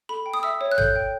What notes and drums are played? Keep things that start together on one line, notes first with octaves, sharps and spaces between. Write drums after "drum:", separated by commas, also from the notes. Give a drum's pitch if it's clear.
A4 B5
G5
D#6
E5 E6
C#5
F#6
A4 G6, drum: tom A1
G5